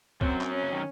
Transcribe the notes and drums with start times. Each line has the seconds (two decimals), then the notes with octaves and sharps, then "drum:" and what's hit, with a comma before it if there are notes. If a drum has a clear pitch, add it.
0.21 F#2 F#3 C4, drum: kick
0.41 drum: clap
0.51 C#4
0.63 C#3
0.72 D#3